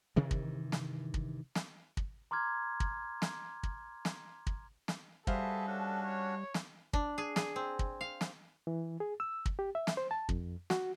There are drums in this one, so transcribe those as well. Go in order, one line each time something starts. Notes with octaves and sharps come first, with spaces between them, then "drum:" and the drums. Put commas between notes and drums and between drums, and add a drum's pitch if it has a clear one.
G2 C3 D#3 E3
drum: kick
drum: snare
drum: kick
drum: snare
drum: kick
A#5 C6 D6 F6 G#6
drum: kick
drum: snare
drum: kick
drum: snare
drum: kick
drum: snare
G3 F#4 G#4 A4 B4 C5 E5 F5, drum: kick
C#4 D4 F#4
C#5
drum: snare
D4, drum: kick
G#4
G#4, drum: snare
C4
drum: kick
F5
drum: snare
E3
G#4
E6
drum: kick
G4
E5
drum: snare
C5
A5
F2, drum: kick
F#4, drum: snare